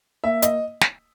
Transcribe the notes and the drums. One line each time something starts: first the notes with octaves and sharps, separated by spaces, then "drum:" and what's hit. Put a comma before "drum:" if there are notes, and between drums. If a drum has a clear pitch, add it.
A#3 E5
D#5, drum: hi-hat
drum: snare